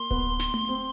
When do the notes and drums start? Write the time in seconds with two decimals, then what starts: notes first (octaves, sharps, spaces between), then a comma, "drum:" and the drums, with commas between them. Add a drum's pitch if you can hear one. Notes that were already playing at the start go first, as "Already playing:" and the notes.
Already playing: A#3 C6
0.11 B3, drum: kick D1
0.39 drum: snare
0.54 drum: tom A3
0.69 C4